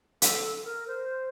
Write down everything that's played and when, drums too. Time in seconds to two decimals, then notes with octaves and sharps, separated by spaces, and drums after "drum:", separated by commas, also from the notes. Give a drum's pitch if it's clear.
0.22 A4, drum: hi-hat
0.64 A#4
0.87 C5